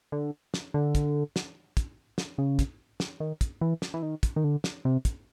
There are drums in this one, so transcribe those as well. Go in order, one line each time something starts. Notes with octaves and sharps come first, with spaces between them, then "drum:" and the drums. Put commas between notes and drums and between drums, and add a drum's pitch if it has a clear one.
D3
drum: snare
D3
drum: kick, hi-hat
drum: snare
drum: kick, hi-hat
drum: snare
C#3
drum: kick, hi-hat
drum: snare
D#3
drum: kick, hi-hat
E3
drum: snare
E3
D#3
drum: kick, hi-hat
D#3
D3
drum: snare
C3
drum: kick, hi-hat